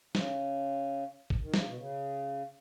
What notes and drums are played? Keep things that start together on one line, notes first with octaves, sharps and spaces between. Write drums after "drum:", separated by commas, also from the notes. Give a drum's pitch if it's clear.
C#3, drum: snare
drum: kick A1
D#3
C#3, drum: snare
B2
C#3